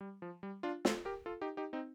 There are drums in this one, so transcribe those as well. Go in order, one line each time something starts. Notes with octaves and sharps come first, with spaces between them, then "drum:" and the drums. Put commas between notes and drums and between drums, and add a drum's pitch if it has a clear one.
G3
F3
G3
D4 F4
F4 A4, drum: snare
G4 A#4
F4 A4
D#4 G4
D#4 G4
C4 D#4